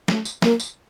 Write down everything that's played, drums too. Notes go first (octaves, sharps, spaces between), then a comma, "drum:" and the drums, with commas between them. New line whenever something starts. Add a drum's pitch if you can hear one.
A3, drum: snare
drum: tambourine
A#3, drum: snare
drum: tambourine